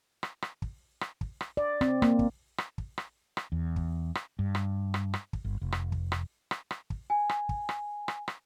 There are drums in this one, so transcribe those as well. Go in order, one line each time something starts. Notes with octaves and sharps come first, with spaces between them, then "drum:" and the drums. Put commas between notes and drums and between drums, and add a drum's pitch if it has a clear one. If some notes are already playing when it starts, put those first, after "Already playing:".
drum: rim click
drum: rim click
drum: kick
drum: rim click
drum: kick
drum: rim click
D5
C4, drum: rim click
A#3, drum: rim click
drum: kick
drum: rim click
drum: kick
drum: rim click
drum: rim click
E2
drum: kick
drum: rim click
G2
drum: rim click
drum: rim click
drum: rim click
drum: kick
G1
F1
drum: rim click
drum: kick
drum: rim click
drum: rim click
drum: rim click
drum: kick
G#5
drum: rim click
drum: kick
drum: rim click
drum: rim click
drum: rim click